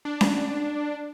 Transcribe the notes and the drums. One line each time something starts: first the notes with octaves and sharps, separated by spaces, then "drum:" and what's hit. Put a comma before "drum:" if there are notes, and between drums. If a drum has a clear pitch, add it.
D4
drum: snare C#4